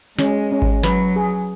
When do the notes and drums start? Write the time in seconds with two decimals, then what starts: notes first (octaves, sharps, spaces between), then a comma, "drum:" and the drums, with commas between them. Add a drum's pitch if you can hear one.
0.19 G#3 C#4, drum: snare
0.52 C#4
0.62 drum: kick G#1
0.83 F#3 B4, drum: snare
1.16 G#4